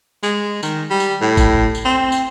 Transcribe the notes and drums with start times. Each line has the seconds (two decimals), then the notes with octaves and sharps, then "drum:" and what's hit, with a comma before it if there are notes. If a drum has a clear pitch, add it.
0.23 G#3, drum: tambourine
0.63 D#3, drum: tambourine
0.90 G3
1.00 drum: tambourine
1.21 A2
1.37 drum: kick, tambourine
1.75 drum: tambourine
1.85 C4
2.12 drum: tambourine